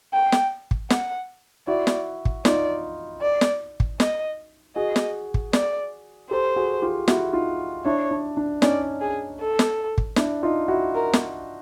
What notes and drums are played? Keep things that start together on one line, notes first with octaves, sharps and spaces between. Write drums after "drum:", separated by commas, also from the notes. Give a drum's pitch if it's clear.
G5
drum: snare
drum: kick
F#5, drum: snare
E4 F#4 D5
drum: snare
drum: kick
D#4 F4 D5, drum: snare
D5
drum: snare
drum: kick
D#5, drum: snare
F#4 G#4 D#5
drum: snare
drum: kick
D5, drum: snare
G4 A4 C5
F#4 G#4
F4 G4
E4 F#4, drum: snare
D#4 F4
D4 E4 C#5
D4
D4
C#4 D#4 D5, drum: snare
G#4
A4
drum: snare
drum: kick
D4 E4, drum: snare
D#4 F4
E4 F#4
A#4
drum: snare